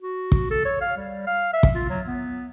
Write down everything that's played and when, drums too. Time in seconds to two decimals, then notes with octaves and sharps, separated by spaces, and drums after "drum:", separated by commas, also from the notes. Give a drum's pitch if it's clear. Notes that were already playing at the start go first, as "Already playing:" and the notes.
0.02 F#4
0.32 drum: kick
0.50 A4
0.65 C#5
0.81 F5
0.97 G3
1.27 F5
1.53 E5
1.63 drum: kick
1.75 F4
1.89 F#3
2.08 B3